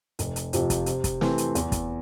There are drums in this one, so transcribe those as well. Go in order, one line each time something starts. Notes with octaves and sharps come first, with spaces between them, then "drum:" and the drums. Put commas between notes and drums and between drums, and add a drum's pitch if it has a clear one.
F1, drum: hi-hat
drum: hi-hat
F2 C3 F3, drum: hi-hat
drum: kick, hi-hat
C3, drum: hi-hat
drum: kick, hi-hat
E3 A3 C4, drum: snare
drum: hi-hat
E2, drum: hi-hat
drum: kick, hi-hat